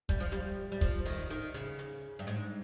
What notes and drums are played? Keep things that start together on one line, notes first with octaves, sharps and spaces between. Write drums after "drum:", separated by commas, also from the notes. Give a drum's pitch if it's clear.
G3, drum: kick, hi-hat
F3
G3, drum: hi-hat
G3
F3, drum: kick, hi-hat
D#3, drum: open hi-hat
D#3, drum: hi-hat
C#3, drum: hi-hat
drum: hi-hat
G2
G#2, drum: hi-hat